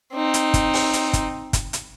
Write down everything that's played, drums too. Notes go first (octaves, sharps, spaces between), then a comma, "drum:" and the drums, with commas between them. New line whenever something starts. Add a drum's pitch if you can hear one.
C4 D#4
drum: hi-hat
drum: kick, hi-hat
drum: open hi-hat
drum: hi-hat
drum: kick, hi-hat
drum: kick, hi-hat
drum: hi-hat